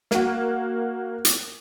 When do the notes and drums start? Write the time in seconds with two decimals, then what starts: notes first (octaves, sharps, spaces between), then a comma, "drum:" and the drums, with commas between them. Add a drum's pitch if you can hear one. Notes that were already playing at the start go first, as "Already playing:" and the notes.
0.11 A#3 F#4, drum: snare
1.25 drum: hi-hat